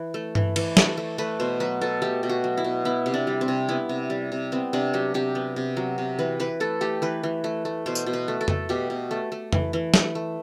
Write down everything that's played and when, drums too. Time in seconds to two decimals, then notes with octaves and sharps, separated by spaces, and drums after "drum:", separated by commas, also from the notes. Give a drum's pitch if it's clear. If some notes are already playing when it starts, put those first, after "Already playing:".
Already playing: E3
0.14 A3
0.35 E3, drum: tom G2
0.56 E3, drum: cymbal
0.77 A3, drum: snare
0.97 A3
1.18 A3 B4
1.40 B2 C5
1.60 F#3 B4
1.81 B2 A4
2.02 A3 G4
2.23 B2
2.29 F#4
2.44 F#3
2.57 E4
2.64 B2
2.85 B3 E4
3.06 C3
3.14 D4
3.27 G3
3.41 C4
3.48 C3
3.69 B3 E4
3.89 C3
4.10 G3
4.32 C3
4.52 B3 C4
4.73 C3 D4
4.94 F#3 G4
5.14 C3 G4
5.35 B3
5.56 C3
5.77 F#3
5.98 C3
6.19 E3 B4
6.40 E3 B4
6.60 A3 A4
6.81 A3 G4
7.02 E3 B4
7.23 E3
7.44 A3
7.65 A3
7.86 B2 C5
7.95 drum: tambourine
8.06 B2
8.13 B4
8.28 A3
8.41 A4
8.48 A3, drum: tom F2
8.69 B2 G4
8.90 B2
9.11 A3
9.32 A3
9.53 E3, drum: tom F2
9.73 E3
9.94 A3, drum: snare
10.15 A3